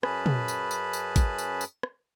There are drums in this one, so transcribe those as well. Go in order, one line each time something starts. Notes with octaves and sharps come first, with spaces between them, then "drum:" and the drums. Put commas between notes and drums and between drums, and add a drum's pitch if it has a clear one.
F#2 C#4 G#4 B4 A5 B5, drum: rim click
drum: tom
drum: tambourine
drum: tambourine
drum: tambourine
drum: kick, tambourine
drum: tambourine
drum: tambourine
drum: rim click